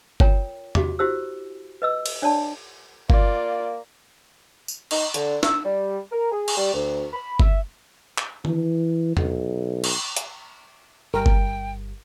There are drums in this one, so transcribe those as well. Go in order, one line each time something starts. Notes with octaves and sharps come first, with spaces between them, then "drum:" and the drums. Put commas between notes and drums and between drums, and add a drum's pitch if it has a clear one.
F4 A#4 C#5 G5 A#5, drum: kick G1
F#4 G4 D6, drum: tom E2
E4 F#4 G4 C5 E6
B4 D#5 E6
drum: cymbal
D4 C#5 D5 A5
A#3 F4 D5, drum: kick G1
drum: tambourine
D#4, drum: cymbal
D3, drum: hi-hat
E6, drum: snare
G3
A#4
G#4
drum: cymbal
G3
D2
B5
E5, drum: kick G1
drum: clap
E3, drum: tom
B1, drum: tom E2
drum: cymbal
drum: hi-hat
G1 G3 A#4 G5
drum: kick G1